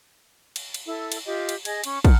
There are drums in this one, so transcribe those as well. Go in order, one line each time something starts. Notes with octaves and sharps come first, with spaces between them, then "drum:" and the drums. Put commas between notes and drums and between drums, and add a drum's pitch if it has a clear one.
drum: cymbal
drum: cymbal
E4 A4
drum: cymbal
F4 G4 D#5
drum: cymbal
G#4 D#5 G#5 G#6, drum: cymbal
C#4, drum: cymbal
F#5 A5 A#5 F6, drum: kick, cymbal